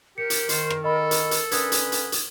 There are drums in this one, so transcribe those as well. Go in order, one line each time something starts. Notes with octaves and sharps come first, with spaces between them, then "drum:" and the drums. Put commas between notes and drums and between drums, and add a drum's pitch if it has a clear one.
G4 A#4 C#7
drum: hi-hat
D#3 C5, drum: hi-hat
drum: rim click
A4 D#5 B5
drum: hi-hat
drum: hi-hat
D3 C#4 B4 D#6 G#6, drum: hi-hat
drum: hi-hat
drum: hi-hat
drum: hi-hat